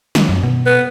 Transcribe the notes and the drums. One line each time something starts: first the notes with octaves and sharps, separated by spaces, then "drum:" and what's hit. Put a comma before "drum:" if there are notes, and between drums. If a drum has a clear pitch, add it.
D#3, drum: snare
F#2
B2
B3